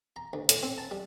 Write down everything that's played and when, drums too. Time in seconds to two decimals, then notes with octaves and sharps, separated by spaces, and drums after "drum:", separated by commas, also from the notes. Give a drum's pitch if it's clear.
0.16 A#5
0.33 D2
0.49 A2, drum: hi-hat
0.63 C4
0.78 A5
0.91 G3